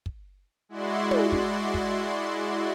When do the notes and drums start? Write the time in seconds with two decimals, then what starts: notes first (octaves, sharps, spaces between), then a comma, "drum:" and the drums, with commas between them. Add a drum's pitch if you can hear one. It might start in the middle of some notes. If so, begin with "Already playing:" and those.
0.06 drum: kick
0.69 G#3 E4 F#4 D5 C6
1.11 drum: tom
1.32 drum: kick
1.74 drum: kick